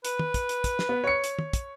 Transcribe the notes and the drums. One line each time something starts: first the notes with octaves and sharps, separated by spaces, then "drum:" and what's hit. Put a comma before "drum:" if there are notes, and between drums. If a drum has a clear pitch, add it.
B4, drum: hi-hat
drum: tom
drum: kick, hi-hat
drum: hi-hat
drum: kick, hi-hat
drum: snare
B3
C#5 C#7
drum: hi-hat
drum: tom
drum: kick, hi-hat